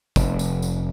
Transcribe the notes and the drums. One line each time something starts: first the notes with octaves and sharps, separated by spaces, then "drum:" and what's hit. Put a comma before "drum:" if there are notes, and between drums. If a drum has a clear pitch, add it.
F1, drum: kick, tambourine
drum: tambourine
drum: tambourine